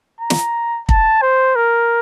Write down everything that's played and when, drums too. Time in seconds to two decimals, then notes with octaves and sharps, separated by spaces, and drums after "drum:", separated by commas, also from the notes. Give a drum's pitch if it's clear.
0.21 A#5
0.30 drum: snare
0.89 A5, drum: kick
1.22 C5
1.56 A#4